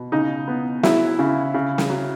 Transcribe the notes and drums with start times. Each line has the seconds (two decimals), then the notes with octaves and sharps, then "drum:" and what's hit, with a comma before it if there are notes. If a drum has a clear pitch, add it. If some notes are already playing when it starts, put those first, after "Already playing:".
Already playing: B2
0.12 C#3 D#4
0.48 B3
0.83 F#3 E4, drum: snare
1.19 C#3
1.54 C#3
1.78 drum: snare
1.90 F#3